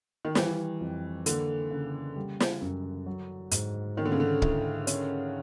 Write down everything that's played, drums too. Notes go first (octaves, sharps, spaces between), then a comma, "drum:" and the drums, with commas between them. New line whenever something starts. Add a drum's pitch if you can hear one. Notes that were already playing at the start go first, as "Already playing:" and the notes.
D#3
E3 G3, drum: snare
F2
D3 A#3, drum: hi-hat
C#3
G3
drum: snare
F#2
F#3
G#2, drum: hi-hat
D#3 C#4
D3
C#3
D3
E4, drum: kick
C#4, drum: hi-hat